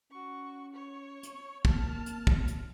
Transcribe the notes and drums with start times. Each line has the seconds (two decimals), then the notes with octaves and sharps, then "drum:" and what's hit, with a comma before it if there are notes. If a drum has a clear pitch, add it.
0.11 C#4 F#4 C#6
0.73 C#5 C#6
1.23 drum: hi-hat
1.65 A#3 A5 F6, drum: kick
2.06 drum: hi-hat
2.27 drum: kick
2.48 drum: hi-hat